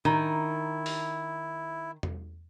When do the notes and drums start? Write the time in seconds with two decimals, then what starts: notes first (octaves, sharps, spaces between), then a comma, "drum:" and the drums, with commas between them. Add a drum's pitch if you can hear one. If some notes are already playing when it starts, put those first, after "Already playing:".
0.05 D#3 D4 E4 A#5, drum: tom A2
0.86 drum: open hi-hat
2.03 drum: tom E2